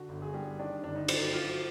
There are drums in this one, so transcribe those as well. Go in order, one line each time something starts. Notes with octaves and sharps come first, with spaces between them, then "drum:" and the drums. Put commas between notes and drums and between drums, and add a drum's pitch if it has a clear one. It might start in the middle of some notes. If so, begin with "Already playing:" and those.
Already playing: D3 F#4
G1
G#4
G3
D#3 D4
G1 D4
D#4
F#3, drum: cymbal
F#3 F4